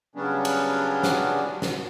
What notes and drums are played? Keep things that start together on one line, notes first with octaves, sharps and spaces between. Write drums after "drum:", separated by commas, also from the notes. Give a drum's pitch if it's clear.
C#3 F#3 G3 B3 C#4 D4
drum: cymbal
drum: snare
drum: snare